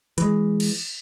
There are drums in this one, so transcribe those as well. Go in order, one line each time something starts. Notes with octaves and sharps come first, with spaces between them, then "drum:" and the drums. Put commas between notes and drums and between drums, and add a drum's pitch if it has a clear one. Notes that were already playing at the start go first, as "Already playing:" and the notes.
E3 G#3, drum: hi-hat
drum: cymbal